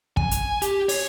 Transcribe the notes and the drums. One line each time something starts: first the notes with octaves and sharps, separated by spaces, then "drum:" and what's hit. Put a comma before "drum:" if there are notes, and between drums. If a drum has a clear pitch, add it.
G#5, drum: kick
drum: hi-hat
G4, drum: hi-hat
C#5, drum: open hi-hat